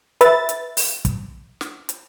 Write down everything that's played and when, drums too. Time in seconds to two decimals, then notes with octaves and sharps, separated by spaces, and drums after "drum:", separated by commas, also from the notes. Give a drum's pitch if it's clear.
0.21 B4 E5 A6, drum: hi-hat
0.49 drum: hi-hat
0.77 drum: open hi-hat
1.05 drum: kick, hi-hat
1.61 drum: snare
1.89 drum: hi-hat